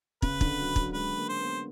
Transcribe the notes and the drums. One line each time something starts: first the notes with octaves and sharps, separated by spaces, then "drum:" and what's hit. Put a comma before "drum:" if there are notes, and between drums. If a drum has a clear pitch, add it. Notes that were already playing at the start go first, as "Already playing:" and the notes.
C#3 B4, drum: kick
D3, drum: kick
F#3
F#3, drum: kick
G#3 B4
A#3
C5
B3